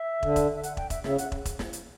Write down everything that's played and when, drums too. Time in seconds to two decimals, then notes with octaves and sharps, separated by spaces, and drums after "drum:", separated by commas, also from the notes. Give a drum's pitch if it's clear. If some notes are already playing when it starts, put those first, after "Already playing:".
Already playing: E5
0.23 D3, drum: kick
0.36 drum: kick, hi-hat
0.55 E5
0.63 F#5, drum: hi-hat
0.77 G5, drum: kick
0.90 E5, drum: kick, hi-hat
1.04 C#3 E5, drum: snare
1.18 F#5, drum: hi-hat
1.32 drum: kick
1.45 drum: kick, hi-hat
1.59 drum: snare
1.73 drum: hi-hat